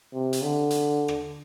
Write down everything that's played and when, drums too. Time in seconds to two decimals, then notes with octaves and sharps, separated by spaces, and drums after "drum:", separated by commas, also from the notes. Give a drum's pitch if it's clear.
0.14 C3
0.33 drum: hi-hat
0.42 D3
0.70 drum: hi-hat
1.08 drum: rim click